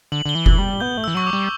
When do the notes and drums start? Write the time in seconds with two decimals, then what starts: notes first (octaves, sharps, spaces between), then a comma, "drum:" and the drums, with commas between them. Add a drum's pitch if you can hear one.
0.12 D3 F#7
0.26 D3 G7
0.35 E3
0.46 F#7, drum: kick F1
0.58 G3
0.80 B3 G6
0.97 A3
1.04 E3 E6
1.15 F#3 C#6
1.27 D6
1.33 G3